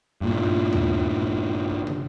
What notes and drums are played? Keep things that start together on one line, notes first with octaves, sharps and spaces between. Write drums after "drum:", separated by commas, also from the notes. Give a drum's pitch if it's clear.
G2 A#2
drum: tom D#2
drum: kick
drum: kick
drum: tom